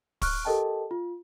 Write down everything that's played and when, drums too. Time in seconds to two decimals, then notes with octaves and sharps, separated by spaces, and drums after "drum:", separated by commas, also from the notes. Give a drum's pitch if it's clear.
0.22 C#6 F6 F#6, drum: kick, open hi-hat
0.45 G4 A4 A#4 D#5 G5 A5
0.91 F4